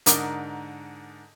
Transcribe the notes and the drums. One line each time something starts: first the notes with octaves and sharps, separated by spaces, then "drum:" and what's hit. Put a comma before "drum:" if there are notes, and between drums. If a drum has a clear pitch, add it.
G#2 D3 A#4 D6 D#6, drum: hi-hat